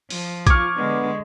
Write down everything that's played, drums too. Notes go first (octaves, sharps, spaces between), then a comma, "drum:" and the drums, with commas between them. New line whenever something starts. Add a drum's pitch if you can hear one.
F3, drum: open hi-hat
F4 C#6 D6 F6 G#6, drum: kick A#1, hi-hat
D3 G#3 B3 D4